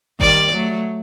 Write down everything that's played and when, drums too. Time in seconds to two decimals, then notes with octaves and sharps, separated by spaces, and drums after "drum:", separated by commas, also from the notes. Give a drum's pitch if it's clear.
0.20 D#3 G3 D5, drum: kick G#1
0.53 F#3 A3